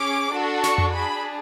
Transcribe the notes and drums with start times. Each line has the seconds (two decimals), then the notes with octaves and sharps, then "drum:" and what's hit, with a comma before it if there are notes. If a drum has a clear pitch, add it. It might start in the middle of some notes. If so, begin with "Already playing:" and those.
Already playing: C#4 G#4 D6
0.34 D4 F#4 A4
0.64 C#6, drum: snare
0.78 drum: tom F2
0.93 D4 G#4 B5